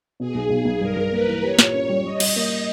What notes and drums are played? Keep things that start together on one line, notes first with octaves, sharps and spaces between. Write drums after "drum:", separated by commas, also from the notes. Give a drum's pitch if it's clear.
B2 G#4
B1
B1
B1
G2 A#4
G2
A#3 B4
E3
G4 C#5
A#2, drum: snare
C#4
G3
G3 D#5
G3, drum: cymbal
A#3